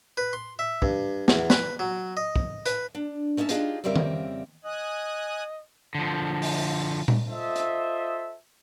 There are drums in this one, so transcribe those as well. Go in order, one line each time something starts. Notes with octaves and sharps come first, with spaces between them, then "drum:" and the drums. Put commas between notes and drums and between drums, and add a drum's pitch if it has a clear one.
B4
C6
E5
G2, drum: kick
E2, drum: snare
B4, drum: snare
F#3
D#5
drum: kick
B4, drum: hi-hat
D4
A3 C#4 D#4 E5 A5
D4 D#4 F4 G4 G#4 D#5, drum: hi-hat
F2 C#3 G3 C4 A#4 E5
drum: tom D#3
D#5 G#5 D#6 F#6
D3 F3
drum: open hi-hat
drum: tom A#2
F4 A4 C5 D#5 E5
drum: hi-hat